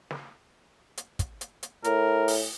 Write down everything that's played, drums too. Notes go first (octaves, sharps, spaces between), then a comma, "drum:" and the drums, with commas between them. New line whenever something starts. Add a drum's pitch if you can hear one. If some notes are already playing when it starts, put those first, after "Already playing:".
drum: snare
drum: hi-hat
drum: kick, hi-hat
drum: hi-hat
drum: hi-hat
A2 A#4, drum: hi-hat
drum: open hi-hat